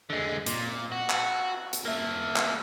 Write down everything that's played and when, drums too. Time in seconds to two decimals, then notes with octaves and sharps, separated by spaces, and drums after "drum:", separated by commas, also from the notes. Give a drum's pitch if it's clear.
0.10 D3 G#3
0.46 A#2, drum: hi-hat
0.92 F#4
1.10 drum: clap
1.73 drum: hi-hat
1.85 A#3 E5
2.36 drum: clap